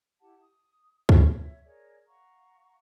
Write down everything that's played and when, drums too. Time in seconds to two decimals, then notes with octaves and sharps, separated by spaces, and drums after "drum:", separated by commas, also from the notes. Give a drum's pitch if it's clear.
0.20 E4 G4 F#5 A5
0.40 D#6
1.09 C#5 E5, drum: kick C#2
1.64 G#4 A#4 C#5 D5
2.08 F5 F#5 A#5 C#6